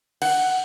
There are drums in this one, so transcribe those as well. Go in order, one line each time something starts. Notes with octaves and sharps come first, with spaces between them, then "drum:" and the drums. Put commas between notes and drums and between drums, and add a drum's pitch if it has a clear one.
F#5, drum: cymbal